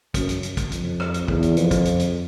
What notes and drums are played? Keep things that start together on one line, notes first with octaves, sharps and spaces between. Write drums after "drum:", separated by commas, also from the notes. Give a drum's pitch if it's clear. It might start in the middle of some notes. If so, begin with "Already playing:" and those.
F#2, drum: kick, hi-hat
drum: hi-hat
drum: hi-hat
drum: kick, hi-hat
F2, drum: hi-hat
drum: rim click
drum: hi-hat
E2, drum: kick
drum: hi-hat
F2, drum: hi-hat
drum: kick, hi-hat
drum: hi-hat
drum: hi-hat